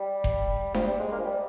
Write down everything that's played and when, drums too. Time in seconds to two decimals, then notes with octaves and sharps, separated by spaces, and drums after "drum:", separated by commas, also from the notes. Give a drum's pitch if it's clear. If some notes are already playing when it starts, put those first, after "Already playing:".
Already playing: G3
0.24 drum: kick F1
0.74 F3, drum: snare D4
0.87 G3
1.00 G#3
1.12 A#3
1.18 F3
1.25 G3